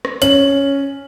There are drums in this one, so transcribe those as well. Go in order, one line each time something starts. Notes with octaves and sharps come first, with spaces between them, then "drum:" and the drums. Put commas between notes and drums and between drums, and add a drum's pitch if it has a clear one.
drum: rim click
C#4 F#7, drum: hi-hat